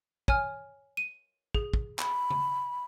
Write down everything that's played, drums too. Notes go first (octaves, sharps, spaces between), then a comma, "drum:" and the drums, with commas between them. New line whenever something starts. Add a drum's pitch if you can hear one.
C#5 G#5 F6, drum: kick
D#7
G#4, drum: kick
drum: kick
B5, drum: clap
drum: tom C#3